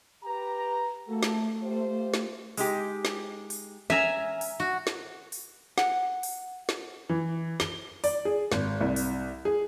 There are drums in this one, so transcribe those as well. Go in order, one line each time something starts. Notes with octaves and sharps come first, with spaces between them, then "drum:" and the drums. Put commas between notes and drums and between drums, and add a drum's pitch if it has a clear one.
G4 B4 A#5
A3 A#3 F#4 A4
drum: snare
F4 G4 C5
drum: snare
G#3 D#4 G4, drum: open hi-hat
drum: snare
drum: open hi-hat
C#4 E5 G#5 A#5
drum: open hi-hat
F#4
drum: snare
drum: open hi-hat
F#5, drum: snare
drum: open hi-hat
drum: snare
E3
G7, drum: snare
D5, drum: open hi-hat
G#4
G#1, drum: snare
C2
drum: open hi-hat
G#4